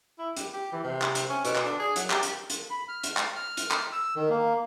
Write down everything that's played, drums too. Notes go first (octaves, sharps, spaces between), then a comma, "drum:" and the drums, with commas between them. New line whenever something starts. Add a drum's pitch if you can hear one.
E4
G4, drum: hi-hat
G4
E3
C3
drum: clap
drum: hi-hat
C#4
B2, drum: hi-hat
drum: clap
D4
G#4
F#3, drum: hi-hat
G4, drum: clap
drum: hi-hat
drum: hi-hat
B5
F6
drum: hi-hat
drum: clap
F6
drum: hi-hat
drum: clap
E6
D#3
A#3